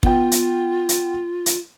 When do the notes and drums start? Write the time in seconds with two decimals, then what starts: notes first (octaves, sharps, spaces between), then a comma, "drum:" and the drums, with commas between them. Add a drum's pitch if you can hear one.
0.03 B3 F4 G5, drum: kick
0.32 drum: hi-hat
0.89 drum: hi-hat
1.46 drum: hi-hat